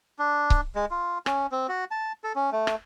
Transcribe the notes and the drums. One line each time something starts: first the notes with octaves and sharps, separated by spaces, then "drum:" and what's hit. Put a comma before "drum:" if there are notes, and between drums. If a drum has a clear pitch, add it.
D4
drum: kick C#1
G#3
F4
C#4, drum: rim click
C4
F#4
A5
A4
C#4
A3
drum: rim click